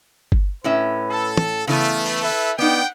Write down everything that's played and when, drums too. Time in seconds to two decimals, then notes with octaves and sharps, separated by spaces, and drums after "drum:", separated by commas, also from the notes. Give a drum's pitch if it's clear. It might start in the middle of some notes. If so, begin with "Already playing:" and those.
0.32 drum: kick G1
0.64 A2 C#4 B4 E5
1.10 A4
1.37 drum: tom
1.67 C#3 E3 A3 B3 F5
2.06 drum: cymbal
2.22 E4 A4 B4 E5
2.59 B3 D#4 D5 F#5 G5